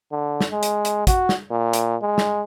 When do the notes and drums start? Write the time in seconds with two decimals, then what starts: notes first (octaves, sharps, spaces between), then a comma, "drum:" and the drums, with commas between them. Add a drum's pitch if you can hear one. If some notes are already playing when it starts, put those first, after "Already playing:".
0.12 D3
0.41 drum: snare
0.52 G#3
0.63 drum: hi-hat
0.85 drum: hi-hat
1.07 F#4, drum: kick, hi-hat
1.29 drum: snare
1.51 A#2
1.73 drum: hi-hat
2.02 G#3
2.18 drum: snare